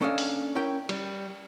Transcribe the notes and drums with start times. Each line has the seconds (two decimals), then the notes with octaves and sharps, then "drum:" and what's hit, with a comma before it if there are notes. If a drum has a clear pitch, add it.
0.01 A#3 C#4 D4 A4 D#5 F5
0.18 drum: open hi-hat
0.55 C#4 E4 A#4 G5
0.89 G3, drum: cymbal